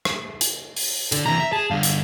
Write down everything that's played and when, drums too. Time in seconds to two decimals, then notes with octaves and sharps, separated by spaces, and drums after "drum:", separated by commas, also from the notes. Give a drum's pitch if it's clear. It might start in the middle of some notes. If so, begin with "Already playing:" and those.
0.05 drum: rim click
0.41 drum: hi-hat
0.77 drum: open hi-hat
1.12 D3 A4, drum: hi-hat
1.25 C3 E3 A#5
1.40 E5
1.53 G#4 A5
1.70 G2 D3 F5
1.83 drum: hi-hat